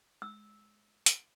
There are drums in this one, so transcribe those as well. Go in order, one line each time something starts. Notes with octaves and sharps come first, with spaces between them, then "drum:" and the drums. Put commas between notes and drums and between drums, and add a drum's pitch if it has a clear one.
E6
drum: hi-hat